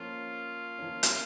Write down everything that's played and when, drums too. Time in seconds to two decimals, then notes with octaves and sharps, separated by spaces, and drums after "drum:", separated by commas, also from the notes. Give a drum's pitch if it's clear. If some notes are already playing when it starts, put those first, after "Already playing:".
Already playing: F3 A#3 C#4 F4
0.79 F3 A#3 C#4
1.03 drum: hi-hat